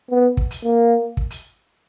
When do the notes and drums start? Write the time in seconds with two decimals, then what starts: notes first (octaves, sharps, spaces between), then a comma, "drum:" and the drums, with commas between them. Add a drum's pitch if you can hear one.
0.11 B3
0.37 drum: kick
0.51 drum: hi-hat
0.64 A#3
1.17 drum: kick
1.30 drum: hi-hat